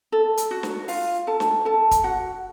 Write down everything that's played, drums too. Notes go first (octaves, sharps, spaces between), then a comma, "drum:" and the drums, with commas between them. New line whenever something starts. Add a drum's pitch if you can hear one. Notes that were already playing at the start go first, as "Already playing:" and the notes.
A4
drum: hi-hat
F#4
drum: snare
F4 F5, drum: open hi-hat
A4 A5
drum: snare
A4 A5
drum: kick, hi-hat
F#4 F#5